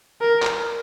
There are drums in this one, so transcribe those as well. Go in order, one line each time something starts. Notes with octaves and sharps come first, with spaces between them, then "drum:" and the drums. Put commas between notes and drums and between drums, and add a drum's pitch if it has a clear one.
A#4
drum: clap